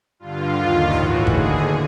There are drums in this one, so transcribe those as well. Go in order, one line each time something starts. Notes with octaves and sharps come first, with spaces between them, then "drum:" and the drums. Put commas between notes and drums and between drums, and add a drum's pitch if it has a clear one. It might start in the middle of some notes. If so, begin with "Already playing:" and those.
G2 D3 F4
D#2 D#3
A2 E3 F#4, drum: snare
D#2 D3 G#4, drum: kick G1